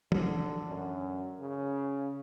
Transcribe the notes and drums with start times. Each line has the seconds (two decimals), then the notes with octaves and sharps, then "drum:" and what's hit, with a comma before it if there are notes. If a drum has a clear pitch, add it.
0.12 D3, drum: tom E3
0.67 F#2
1.41 C#3